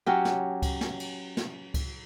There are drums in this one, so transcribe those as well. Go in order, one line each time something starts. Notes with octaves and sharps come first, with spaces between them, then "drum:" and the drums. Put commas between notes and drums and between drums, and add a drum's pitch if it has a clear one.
F#3 C#4 G4
drum: snare
drum: kick C#2, cymbal
drum: snare
drum: cymbal
drum: snare
drum: kick C#2, cymbal